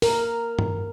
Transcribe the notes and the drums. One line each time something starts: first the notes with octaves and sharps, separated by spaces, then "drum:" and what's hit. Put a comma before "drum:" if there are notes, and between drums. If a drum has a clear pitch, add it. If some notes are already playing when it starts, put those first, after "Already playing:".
A#4, drum: open hi-hat
drum: tom G2